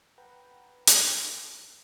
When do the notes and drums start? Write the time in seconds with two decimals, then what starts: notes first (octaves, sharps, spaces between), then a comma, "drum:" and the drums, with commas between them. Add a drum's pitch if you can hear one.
0.18 B4 F#5 G5 A#5
0.87 drum: hi-hat